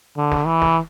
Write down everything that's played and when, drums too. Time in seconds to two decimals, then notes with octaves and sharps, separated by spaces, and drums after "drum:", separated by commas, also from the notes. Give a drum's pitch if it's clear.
0.17 D3
0.32 drum: snare
0.46 E3
0.62 drum: snare